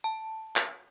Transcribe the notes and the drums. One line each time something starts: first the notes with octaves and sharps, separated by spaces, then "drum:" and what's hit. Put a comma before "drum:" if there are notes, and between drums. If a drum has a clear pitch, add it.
A5
drum: clap